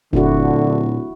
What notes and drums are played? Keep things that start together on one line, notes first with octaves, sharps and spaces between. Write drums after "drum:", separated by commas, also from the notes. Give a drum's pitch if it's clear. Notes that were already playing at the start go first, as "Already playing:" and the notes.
D1 A#2 D3 E4 F#4, drum: kick F#1